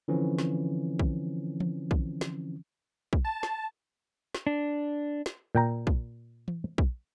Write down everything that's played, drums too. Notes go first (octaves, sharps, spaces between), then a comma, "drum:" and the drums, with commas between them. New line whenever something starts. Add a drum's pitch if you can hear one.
D3 E3 F3 C4 C#4
drum: snare
drum: kick
drum: tom E3
drum: kick
drum: snare
drum: kick
A5
drum: snare
drum: snare
D4
drum: snare
A#2 G5 A#5
drum: kick
drum: tom E3
drum: kick